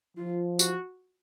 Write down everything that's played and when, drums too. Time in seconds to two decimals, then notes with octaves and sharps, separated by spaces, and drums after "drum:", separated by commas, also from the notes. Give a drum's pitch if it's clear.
0.17 F3 F4
0.59 F#4, drum: tambourine